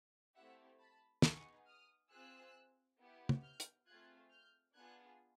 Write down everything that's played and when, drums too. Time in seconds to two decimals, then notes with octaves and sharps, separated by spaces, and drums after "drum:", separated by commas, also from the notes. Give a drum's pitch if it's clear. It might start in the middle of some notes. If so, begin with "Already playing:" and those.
0.34 A3 C4 E4 G4 E5 F#5
0.79 A5 B5
1.22 B3 D#4 G#4 C#6 D#6, drum: snare
1.66 D#6 F6
2.11 C4 F4 G#4 E6 F#6
2.99 B3 E4 G4
3.29 drum: tom
3.42 F6 G6
3.60 drum: hi-hat
3.86 A3 C4 F4 G#4 F#6 G#6
4.30 F6 G6
4.74 B3 D4 F4 G#4 F#6 G#6